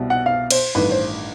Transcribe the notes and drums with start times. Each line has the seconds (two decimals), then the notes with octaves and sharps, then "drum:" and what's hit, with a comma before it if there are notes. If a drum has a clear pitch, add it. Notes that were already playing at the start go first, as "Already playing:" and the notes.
Already playing: C2 B2 G3
0.10 F#5
0.26 F5
0.51 C5, drum: cymbal
0.75 A1 G2 D#3 B4
0.91 C5